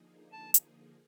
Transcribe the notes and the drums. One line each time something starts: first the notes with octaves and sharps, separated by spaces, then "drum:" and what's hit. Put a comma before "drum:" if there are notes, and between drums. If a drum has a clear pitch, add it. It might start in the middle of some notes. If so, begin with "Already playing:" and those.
Already playing: D3 F3 A#3 D#4 G#4
A5
drum: hi-hat